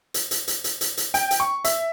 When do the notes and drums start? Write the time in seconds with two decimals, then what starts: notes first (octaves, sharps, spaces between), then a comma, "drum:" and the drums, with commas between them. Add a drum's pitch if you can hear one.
0.14 drum: hi-hat
0.31 drum: hi-hat
0.48 drum: hi-hat
0.64 drum: hi-hat
0.81 drum: hi-hat
0.97 drum: hi-hat
1.14 G5, drum: hi-hat
1.31 drum: hi-hat
1.40 C#6
1.64 E5, drum: hi-hat